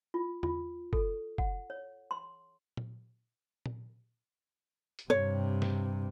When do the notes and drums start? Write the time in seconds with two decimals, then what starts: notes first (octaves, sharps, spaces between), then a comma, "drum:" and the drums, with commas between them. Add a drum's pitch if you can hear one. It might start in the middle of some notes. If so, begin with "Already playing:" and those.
0.14 F4
0.43 F4, drum: tom E2
0.93 A4, drum: kick
1.38 F#5, drum: kick
1.70 C#5
2.11 C6
2.77 drum: tom A#2
3.66 drum: tom A#2
4.99 drum: hi-hat
5.10 G2 C3 C#5
5.62 drum: snare